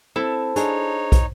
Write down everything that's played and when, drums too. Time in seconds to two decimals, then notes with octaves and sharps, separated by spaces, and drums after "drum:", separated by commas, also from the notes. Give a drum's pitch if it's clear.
0.16 C4 E4 A4 C5 A5
0.56 D4 D#4 G#4 C#5, drum: hi-hat
1.12 drum: kick, hi-hat